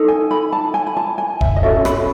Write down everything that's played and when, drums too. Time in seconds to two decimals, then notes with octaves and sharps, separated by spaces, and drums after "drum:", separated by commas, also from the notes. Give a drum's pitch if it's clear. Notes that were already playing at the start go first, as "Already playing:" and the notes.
Already playing: D#4 A4
0.08 G#5
0.31 B5
0.53 A5
0.74 G#5
0.87 B5
0.97 A5
1.18 G#5
1.41 E5, drum: kick
1.56 D#5
1.63 C#4 F#4 A4 E5
1.85 B5, drum: rim click